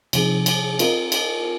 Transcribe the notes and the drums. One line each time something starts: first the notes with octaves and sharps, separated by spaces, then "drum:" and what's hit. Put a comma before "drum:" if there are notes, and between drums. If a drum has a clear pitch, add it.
C3 F3 C4 D#4 G#4, drum: cymbal
drum: cymbal
C4 F4 A#4 D#5, drum: cymbal
drum: cymbal